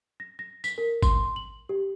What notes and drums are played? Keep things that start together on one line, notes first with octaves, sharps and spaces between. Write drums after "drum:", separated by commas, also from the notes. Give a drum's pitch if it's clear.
A#6
A#6
B6, drum: tambourine
A#4
C6, drum: kick G#1, tambourine
F#7
G4